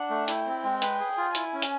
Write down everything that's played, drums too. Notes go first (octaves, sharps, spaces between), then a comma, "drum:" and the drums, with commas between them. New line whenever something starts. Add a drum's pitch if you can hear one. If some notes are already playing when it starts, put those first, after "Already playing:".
Already playing: D4 F#5
A3
E4 G5, drum: hi-hat
C4
G#3
B4, drum: hi-hat
G#4
F4
E4 G#5, drum: hi-hat
C#4
drum: hi-hat